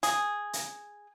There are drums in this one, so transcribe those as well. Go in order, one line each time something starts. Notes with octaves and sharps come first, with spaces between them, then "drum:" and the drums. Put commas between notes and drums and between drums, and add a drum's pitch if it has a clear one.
G#4, drum: hi-hat
drum: hi-hat